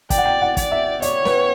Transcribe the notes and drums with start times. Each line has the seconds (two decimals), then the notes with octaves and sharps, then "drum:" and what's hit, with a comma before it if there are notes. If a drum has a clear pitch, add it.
0.10 D5 G5, drum: kick, hi-hat
0.18 F#5
0.25 G5
0.42 F#5
0.57 D5, drum: kick, hi-hat
0.71 E5
1.02 C#5 D5, drum: hi-hat
1.25 B4, drum: snare